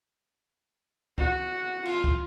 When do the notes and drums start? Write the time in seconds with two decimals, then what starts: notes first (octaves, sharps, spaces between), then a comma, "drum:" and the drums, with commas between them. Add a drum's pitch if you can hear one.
1.18 F#4, drum: kick
1.85 F4, drum: cymbal
2.04 drum: kick